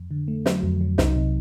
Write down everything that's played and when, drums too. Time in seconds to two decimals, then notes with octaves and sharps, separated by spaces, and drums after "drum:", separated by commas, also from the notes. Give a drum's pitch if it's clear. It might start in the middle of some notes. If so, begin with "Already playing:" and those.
Already playing: F2
0.11 D3
0.28 A3
0.46 F#3, drum: snare
0.63 F2
0.81 F#3
0.98 C2 D#4, drum: snare
1.16 C3